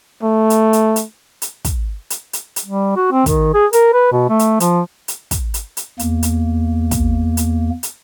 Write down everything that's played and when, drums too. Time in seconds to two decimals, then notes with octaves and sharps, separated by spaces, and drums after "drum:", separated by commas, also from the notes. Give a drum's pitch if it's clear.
0.23 A3
0.50 drum: hi-hat
0.73 drum: hi-hat
0.96 drum: hi-hat
1.42 drum: hi-hat
1.65 drum: kick, hi-hat
2.10 drum: hi-hat
2.33 drum: hi-hat
2.56 drum: hi-hat
2.65 G3
2.96 F#4
3.12 C4
3.26 D#3, drum: kick, hi-hat
3.54 G#4
3.73 A#4, drum: hi-hat
3.94 B4
4.12 B2
4.29 A3
4.39 drum: hi-hat
4.60 F3, drum: hi-hat
5.08 drum: hi-hat
5.31 drum: kick, hi-hat
5.54 drum: hi-hat
5.77 drum: hi-hat
5.99 E2 A#3, drum: hi-hat
6.23 drum: hi-hat
6.91 drum: kick, hi-hat
7.37 drum: hi-hat
7.83 drum: hi-hat